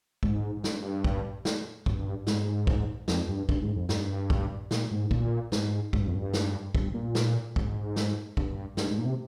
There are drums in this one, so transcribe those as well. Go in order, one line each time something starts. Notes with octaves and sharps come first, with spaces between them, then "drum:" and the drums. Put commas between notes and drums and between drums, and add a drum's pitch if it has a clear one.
G#2, drum: kick
G#2
G2, drum: snare
drum: kick
drum: snare
G2, drum: kick
G#2, drum: snare
drum: kick
F2, drum: snare
G2
G2, drum: kick
G#2
F2
G2, drum: snare
drum: kick
A#2, drum: snare
G#2
A#2, drum: kick
G#2, drum: snare
G#2, drum: kick
G2
F2
G2
drum: snare
G2, drum: kick
A#2
drum: snare
G#2, drum: kick
drum: snare
G2, drum: kick
G2, drum: snare
G#2
A#2
C3